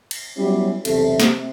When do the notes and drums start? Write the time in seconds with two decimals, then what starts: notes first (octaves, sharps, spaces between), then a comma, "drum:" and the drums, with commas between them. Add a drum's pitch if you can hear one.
0.11 drum: cymbal
0.37 F#3 G3 B3 C#4 E4 G4
0.85 B1 E2 C3 A3, drum: cymbal
1.20 C3, drum: snare